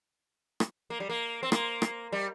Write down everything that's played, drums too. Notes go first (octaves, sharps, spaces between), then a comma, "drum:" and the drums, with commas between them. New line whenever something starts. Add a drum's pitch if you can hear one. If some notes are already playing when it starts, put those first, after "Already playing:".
drum: rim click
A#3
G3
A#3
C4
A#3, drum: rim click
drum: rim click
G3